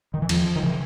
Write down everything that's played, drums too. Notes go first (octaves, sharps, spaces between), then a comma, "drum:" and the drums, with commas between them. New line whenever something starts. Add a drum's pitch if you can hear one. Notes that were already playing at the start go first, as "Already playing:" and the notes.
D#3
E3
E2 F3, drum: cymbal
D#3
C#3 E3